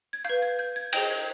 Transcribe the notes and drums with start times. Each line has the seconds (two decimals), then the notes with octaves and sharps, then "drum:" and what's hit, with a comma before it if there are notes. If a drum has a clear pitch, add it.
0.13 G#6
0.25 B4 F5 G6
0.42 G#6
0.59 G6
0.76 G#6
0.93 G#4 C5 D#5 G5 G6, drum: cymbal
1.10 G#6